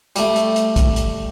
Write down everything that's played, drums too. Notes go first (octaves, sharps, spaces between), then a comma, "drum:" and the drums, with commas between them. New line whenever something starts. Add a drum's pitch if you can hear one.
G3 A3, drum: hi-hat
drum: hi-hat
drum: hi-hat
drum: kick, hi-hat
drum: hi-hat